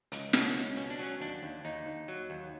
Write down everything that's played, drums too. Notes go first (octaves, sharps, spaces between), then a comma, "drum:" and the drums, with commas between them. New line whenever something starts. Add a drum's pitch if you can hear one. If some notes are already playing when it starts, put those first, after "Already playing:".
C#2, drum: hi-hat
B2 C#4, drum: snare
C#2
B2 C#4
D4
F#3 C#4
D#2 D4
D#2
D#2 D#4
D#2
F#3
D#2